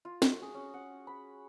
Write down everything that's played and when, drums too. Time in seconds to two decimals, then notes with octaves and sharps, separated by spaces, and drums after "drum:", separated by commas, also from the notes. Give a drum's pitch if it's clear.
0.05 F4
0.22 F#4, drum: snare
0.42 G#4
0.55 C#4
0.74 F#5
1.07 B5